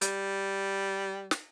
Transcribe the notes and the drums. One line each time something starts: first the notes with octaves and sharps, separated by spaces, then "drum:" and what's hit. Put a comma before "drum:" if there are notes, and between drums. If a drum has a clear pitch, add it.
G3, drum: hi-hat
drum: snare